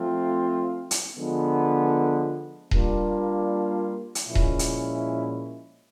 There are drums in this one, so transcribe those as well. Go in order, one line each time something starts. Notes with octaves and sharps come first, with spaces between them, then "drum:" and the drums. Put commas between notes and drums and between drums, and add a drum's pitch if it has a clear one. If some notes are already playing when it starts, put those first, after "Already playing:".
Already playing: F3 A3 C4 F4
drum: hi-hat
D3 F3 G#3 B3
G3 A#3 D4 F4, drum: kick D#1
drum: hi-hat
A#2 F3 G#3 C#4 E4
drum: kick D#1
drum: hi-hat